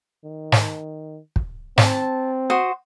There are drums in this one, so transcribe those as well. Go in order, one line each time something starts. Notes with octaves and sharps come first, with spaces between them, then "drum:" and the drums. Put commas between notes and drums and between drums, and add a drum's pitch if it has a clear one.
D#3
drum: snare
drum: kick
C4 A5, drum: snare
F#4 C5 D#6